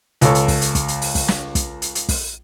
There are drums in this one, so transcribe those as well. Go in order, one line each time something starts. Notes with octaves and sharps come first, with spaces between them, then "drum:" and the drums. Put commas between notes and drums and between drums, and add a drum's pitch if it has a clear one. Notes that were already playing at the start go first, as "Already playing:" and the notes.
C#2 A4 C#5, drum: hi-hat
drum: hi-hat
drum: kick, open hi-hat
drum: hi-hat
drum: kick, hi-hat
drum: hi-hat
drum: open hi-hat
drum: kick, open hi-hat
drum: snare
drum: kick, hi-hat
drum: hi-hat
drum: hi-hat
drum: kick, open hi-hat